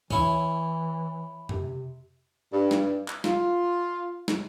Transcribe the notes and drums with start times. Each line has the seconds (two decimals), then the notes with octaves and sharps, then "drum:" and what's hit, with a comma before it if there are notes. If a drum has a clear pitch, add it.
0.11 E3 C#4 E4, drum: kick
1.49 C3, drum: tom F2
2.52 G2
2.71 drum: snare
3.08 drum: clap
3.24 F4, drum: snare
4.28 drum: snare